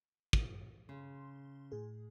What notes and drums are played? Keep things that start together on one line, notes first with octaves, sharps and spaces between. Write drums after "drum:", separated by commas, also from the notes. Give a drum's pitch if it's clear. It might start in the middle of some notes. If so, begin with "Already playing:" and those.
drum: kick
C#3 C6
A2 G#4